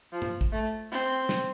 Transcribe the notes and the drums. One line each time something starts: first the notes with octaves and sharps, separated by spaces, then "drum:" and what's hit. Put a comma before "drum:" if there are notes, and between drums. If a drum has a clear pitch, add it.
F3
drum: tom G2
drum: kick
A3
C4
drum: snare